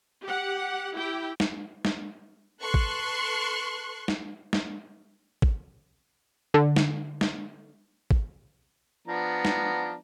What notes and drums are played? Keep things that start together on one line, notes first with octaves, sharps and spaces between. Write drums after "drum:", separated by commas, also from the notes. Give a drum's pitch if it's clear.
G4 F#5
E4 G4 G5
drum: snare
drum: snare
A4 B4 C6 C#6 F#6
drum: kick G#1
drum: snare
drum: snare
drum: kick G#1
D3
drum: snare
drum: snare
drum: kick G#1
F3 B3 D4 A#5
drum: snare